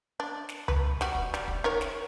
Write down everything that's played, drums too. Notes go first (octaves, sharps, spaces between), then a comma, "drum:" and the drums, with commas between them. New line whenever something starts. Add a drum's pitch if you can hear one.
D4
drum: snare
B4, drum: tom C#2
G3 F#4, drum: snare
drum: kick
G3, drum: snare
drum: kick
D#3 A#4 C#5
drum: snare